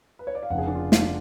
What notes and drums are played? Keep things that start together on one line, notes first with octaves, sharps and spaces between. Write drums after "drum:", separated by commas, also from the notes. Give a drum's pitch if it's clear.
B4
C#5
D5
F5
F1 F2 C#3 F#5
G#4
D4
F4
F4, drum: snare
D4